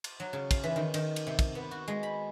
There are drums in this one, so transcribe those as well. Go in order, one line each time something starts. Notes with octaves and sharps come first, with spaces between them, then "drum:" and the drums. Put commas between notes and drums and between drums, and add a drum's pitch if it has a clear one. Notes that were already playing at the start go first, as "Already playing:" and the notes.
drum: cymbal
F#3
C#3
F5, drum: kick, cymbal
E3
D#3
D#3, drum: cymbal
drum: cymbal
C3
drum: kick, cymbal
B3
F#4
G#3
B5